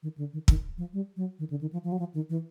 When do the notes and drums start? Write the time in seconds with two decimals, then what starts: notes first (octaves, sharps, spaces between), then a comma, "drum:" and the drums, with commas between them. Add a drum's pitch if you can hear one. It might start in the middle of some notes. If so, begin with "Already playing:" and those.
0.03 D#3
0.18 D3
0.33 D#3
0.48 D#3, drum: kick
0.78 F3
0.93 G3
1.17 F#3
1.39 D#3
1.50 D3
1.61 D#3
1.73 F3
1.84 F3
1.92 F#3
1.99 F3
2.14 D#3
2.30 E3